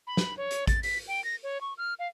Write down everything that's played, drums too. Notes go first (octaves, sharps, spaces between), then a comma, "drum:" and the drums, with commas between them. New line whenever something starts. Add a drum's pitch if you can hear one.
B5
drum: snare
C#5
drum: hi-hat
A6, drum: kick A1, hi-hat
B6, drum: open hi-hat
G5
A#6
C#5
C#6
F6
F5